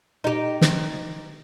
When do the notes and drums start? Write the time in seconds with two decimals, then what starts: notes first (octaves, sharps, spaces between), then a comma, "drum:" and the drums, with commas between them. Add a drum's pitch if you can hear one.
0.24 D#4 G4
0.61 drum: snare